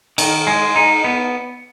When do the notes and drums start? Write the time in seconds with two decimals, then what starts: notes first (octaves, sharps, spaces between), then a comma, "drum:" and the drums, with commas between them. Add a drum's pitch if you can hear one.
0.18 D#3, drum: cymbal
0.47 G#3
0.76 D#4
1.04 B3